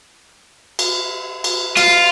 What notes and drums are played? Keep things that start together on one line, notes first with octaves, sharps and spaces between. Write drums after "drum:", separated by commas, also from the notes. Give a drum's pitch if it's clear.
drum: cymbal
drum: cymbal
F4, drum: cymbal